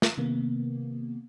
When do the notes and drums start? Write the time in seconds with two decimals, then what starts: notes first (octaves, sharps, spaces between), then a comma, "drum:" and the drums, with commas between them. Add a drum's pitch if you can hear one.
0.02 drum: snare
0.18 C3 D#3 A#3 B3